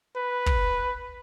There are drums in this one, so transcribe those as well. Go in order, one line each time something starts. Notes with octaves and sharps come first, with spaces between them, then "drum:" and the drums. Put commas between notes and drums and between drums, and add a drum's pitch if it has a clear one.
B4
drum: kick